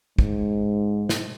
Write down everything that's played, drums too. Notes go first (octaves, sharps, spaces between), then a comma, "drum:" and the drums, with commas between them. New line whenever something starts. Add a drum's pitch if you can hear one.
G#2, drum: kick
drum: snare